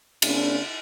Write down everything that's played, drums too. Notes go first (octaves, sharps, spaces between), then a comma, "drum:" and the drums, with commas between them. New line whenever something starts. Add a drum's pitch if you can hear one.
C#3 A#3 C4 D4, drum: cymbal